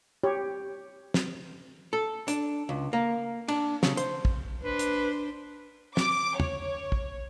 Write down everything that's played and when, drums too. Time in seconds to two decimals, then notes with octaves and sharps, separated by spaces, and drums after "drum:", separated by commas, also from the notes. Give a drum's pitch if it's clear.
0.24 G4 C#5
1.14 drum: snare
1.93 A4
2.28 D4, drum: hi-hat
2.69 C#2
2.93 A#3
3.48 D4, drum: cymbal
3.83 C#3, drum: snare
3.97 C5, drum: hi-hat
4.25 drum: kick
4.63 D4 B4 C5
4.79 drum: hi-hat
5.97 D6, drum: snare
6.40 C#5, drum: tom
6.92 drum: kick